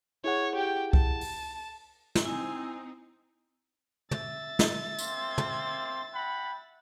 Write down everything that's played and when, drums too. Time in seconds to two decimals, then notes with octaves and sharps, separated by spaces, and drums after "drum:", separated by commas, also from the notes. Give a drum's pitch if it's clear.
0.24 E4 G#4 C#5 F#5
0.56 G4 G5
0.93 A5, drum: kick C2
1.21 drum: open hi-hat
2.15 drum: snare
2.25 C4 D#4 E4 G#5
4.11 E5 A6, drum: tom
4.59 drum: snare
4.99 A#3 C4 C6, drum: tambourine
5.38 drum: tom
6.13 F#5 G5 B5